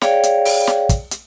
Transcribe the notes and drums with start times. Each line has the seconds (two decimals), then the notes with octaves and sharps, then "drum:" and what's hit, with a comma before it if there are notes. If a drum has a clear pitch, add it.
0.01 G#4 C#5 D5 F5 G5, drum: snare
0.23 drum: hi-hat
0.45 drum: open hi-hat
0.67 drum: snare
0.89 drum: kick, hi-hat
1.11 drum: hi-hat